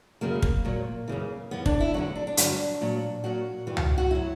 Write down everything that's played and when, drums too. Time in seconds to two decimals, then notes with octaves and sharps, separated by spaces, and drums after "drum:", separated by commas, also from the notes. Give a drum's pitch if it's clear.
0.21 F#2 C#3 F#3 A#3
0.42 drum: kick
0.65 A#2 F#3
1.08 F#2 C#3 E3
1.51 F#2 E3 B3
1.66 D4, drum: kick
1.80 E4
1.94 E2 D3 F#3 F#4
2.16 D4
2.27 D4
2.37 G2 D3 F#3, drum: hi-hat
2.81 A#2 F#3
3.24 A#2 F#3 F#4
3.67 G2 E3
3.77 drum: tom C#2
3.98 F#4
4.11 F#3 E4